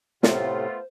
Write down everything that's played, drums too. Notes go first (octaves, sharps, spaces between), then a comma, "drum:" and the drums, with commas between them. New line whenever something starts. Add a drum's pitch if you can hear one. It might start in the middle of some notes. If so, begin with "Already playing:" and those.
A2 C3 A3 B3 F4 C5, drum: snare